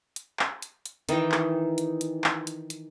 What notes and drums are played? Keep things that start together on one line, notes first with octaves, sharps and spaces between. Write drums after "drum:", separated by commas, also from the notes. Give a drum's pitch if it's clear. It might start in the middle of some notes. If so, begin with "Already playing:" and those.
drum: hi-hat
drum: clap
drum: hi-hat
drum: hi-hat
D#3 E3 D#4 G5, drum: hi-hat
drum: clap
drum: hi-hat
drum: hi-hat
drum: clap
drum: hi-hat
drum: hi-hat